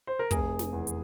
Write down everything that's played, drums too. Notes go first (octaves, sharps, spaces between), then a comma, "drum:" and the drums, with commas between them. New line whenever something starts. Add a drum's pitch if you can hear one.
C5
A#4
F1 G#4, drum: kick, hi-hat
drum: snare
E2
drum: hi-hat